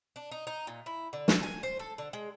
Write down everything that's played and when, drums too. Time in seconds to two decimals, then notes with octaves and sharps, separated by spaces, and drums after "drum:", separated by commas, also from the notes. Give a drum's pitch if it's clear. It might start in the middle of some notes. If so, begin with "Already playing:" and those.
0.16 D4
0.31 D#4
0.47 D#4
0.67 A#2
0.86 E4
1.13 D3
1.28 A4, drum: snare
1.43 G#5
1.63 C5
1.79 A4
1.98 D3
2.13 G#3